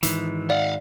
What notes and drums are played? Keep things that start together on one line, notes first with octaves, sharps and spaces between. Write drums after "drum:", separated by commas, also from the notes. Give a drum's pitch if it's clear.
G#2 D#3 E3, drum: hi-hat
D5 F5 F#5